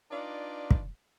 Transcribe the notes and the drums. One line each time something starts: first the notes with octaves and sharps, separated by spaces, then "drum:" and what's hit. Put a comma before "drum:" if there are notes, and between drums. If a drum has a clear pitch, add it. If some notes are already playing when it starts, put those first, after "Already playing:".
D4 D#4 F4 B4 D5
drum: kick